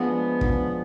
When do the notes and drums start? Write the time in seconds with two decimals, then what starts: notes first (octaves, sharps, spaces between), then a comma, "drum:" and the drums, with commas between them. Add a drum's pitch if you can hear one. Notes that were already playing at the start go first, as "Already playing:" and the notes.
Already playing: F3 G#3 B3 D4 G#4
0.41 F3 G#3 D4 G#4, drum: kick